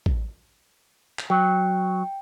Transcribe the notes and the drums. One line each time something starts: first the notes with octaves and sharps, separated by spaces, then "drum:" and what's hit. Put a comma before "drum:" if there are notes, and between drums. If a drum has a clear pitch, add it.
drum: kick A1
drum: clap
F#3 G5